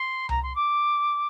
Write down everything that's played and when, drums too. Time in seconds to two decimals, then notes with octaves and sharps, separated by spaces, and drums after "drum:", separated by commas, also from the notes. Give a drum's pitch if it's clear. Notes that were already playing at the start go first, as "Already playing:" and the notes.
Already playing: C6
0.29 A#5, drum: tom C2
0.42 C6
0.55 D6